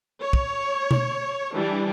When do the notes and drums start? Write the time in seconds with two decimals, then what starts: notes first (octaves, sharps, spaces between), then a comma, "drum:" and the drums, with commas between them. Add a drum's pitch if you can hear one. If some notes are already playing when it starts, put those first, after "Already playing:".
0.20 C#5
0.33 drum: kick
0.91 drum: tom B2
1.54 E3 G3 D4